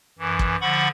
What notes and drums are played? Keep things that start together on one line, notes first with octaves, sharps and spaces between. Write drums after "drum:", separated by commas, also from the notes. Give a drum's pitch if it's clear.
F#2 E3
drum: kick
D3 F3 F#5 B5 C#6